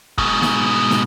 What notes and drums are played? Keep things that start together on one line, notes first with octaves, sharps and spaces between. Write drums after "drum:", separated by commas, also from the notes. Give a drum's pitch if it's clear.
G#2 B2, drum: kick
drum: snare
drum: snare